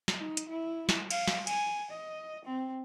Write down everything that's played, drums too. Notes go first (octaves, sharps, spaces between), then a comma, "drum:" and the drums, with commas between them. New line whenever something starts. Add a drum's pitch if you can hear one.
drum: snare
D#4
drum: hi-hat
E4
drum: snare
F5, drum: cymbal
drum: snare
G#5, drum: cymbal
D#5
C4